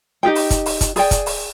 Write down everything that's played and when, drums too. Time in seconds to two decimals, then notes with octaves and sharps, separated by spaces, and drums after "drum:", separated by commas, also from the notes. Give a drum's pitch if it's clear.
0.23 D#4 G4 G#4 G5
0.35 drum: open hi-hat
0.50 drum: kick, hi-hat
0.66 drum: open hi-hat
0.81 drum: kick, hi-hat
0.96 G#4 D5 G5, drum: open hi-hat
1.11 drum: kick, hi-hat
1.26 drum: open hi-hat